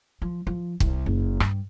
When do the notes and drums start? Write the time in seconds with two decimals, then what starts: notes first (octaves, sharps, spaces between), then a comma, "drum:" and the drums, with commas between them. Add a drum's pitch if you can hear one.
0.22 F3
0.47 F3
0.80 C2, drum: kick
1.06 F#1
1.40 G2, drum: rim click